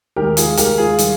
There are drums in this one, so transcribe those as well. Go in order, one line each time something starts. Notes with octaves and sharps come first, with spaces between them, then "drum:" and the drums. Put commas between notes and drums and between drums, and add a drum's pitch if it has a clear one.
D#2 D#3 G#3 G4 A#4
F4 G#4, drum: hi-hat
D#2 D#3 G#3 G4 A#4, drum: hi-hat
F4 G#4
D#3 G3, drum: hi-hat